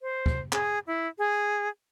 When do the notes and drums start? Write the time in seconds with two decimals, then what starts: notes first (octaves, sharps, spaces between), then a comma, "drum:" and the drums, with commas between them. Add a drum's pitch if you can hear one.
0.01 C5
0.26 drum: kick
0.53 G#4, drum: clap
0.87 E4
1.19 G#4